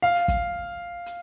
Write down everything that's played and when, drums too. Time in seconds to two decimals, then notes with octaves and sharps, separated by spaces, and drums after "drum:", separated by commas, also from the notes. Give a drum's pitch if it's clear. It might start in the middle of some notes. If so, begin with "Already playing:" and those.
0.02 F5
0.28 drum: kick, hi-hat
1.06 drum: hi-hat